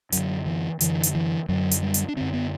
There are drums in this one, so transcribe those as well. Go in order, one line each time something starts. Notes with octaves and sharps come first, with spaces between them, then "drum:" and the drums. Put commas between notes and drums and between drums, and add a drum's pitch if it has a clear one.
F#2 D3 F#3, drum: hi-hat
E3
F#2 D3 E3, drum: hi-hat
drum: hi-hat
E3
F#2 D3 F#3
drum: hi-hat
G3
drum: hi-hat
D4
F#2 D3 C4
B3